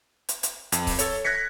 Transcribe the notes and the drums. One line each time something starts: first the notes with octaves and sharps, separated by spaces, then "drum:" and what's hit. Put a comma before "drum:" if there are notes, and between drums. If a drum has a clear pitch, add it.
drum: hi-hat
drum: hi-hat
F2, drum: hi-hat
drum: kick C#1, open hi-hat
A4 C#5, drum: hi-hat
F#6 G#6 A#6 B6 C#7